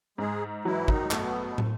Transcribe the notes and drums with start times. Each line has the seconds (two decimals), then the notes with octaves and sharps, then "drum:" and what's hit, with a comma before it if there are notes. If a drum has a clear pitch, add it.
0.18 G#2 G#3 G#4
0.65 E3 F#3 E4
0.88 D#3 D#4, drum: kick
1.11 B2 A3 B3, drum: clap
1.58 drum: tom